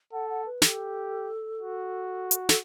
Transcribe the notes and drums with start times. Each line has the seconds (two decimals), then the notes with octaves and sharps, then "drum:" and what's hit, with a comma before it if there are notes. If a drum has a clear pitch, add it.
0.13 A4 F#5
0.29 F#5
0.46 B4
0.62 G4 A4, drum: snare
1.59 F#4
2.31 drum: hi-hat
2.49 A4, drum: snare